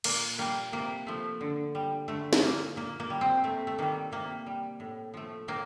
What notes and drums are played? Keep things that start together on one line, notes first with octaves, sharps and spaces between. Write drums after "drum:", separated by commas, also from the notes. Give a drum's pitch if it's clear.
A#2 A#3, drum: cymbal
G3 A#3
C3 A#3
F3 A3
D3
G3
D3 A3
drum: snare
A3 A#3
A#2 A#3
A#3
G3
C4
C3 A3
A3
D#3 G3 A#3
C3 A#3
G3
A2
F3 A3
A2 A#3